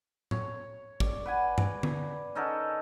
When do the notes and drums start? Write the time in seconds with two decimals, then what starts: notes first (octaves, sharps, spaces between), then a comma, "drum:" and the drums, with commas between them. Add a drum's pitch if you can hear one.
0.31 C#5, drum: tom A2
1.00 D5, drum: kick
1.26 B4 F#5 G#5
1.58 drum: tom G2
1.83 drum: tom D3
2.35 C#4 D#4 A4 A#4